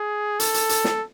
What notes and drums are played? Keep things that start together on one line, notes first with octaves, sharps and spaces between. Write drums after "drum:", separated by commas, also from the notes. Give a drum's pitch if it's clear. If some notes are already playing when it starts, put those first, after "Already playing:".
Already playing: G#4
A4, drum: hi-hat
drum: hi-hat
drum: hi-hat
drum: snare